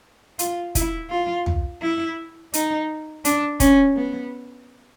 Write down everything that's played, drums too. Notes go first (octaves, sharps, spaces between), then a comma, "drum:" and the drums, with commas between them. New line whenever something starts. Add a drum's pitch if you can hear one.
F4, drum: hi-hat
E4, drum: kick, hi-hat
F4
drum: tom
E4
D#4, drum: hi-hat
D4, drum: hi-hat
C#4, drum: kick, hi-hat
B3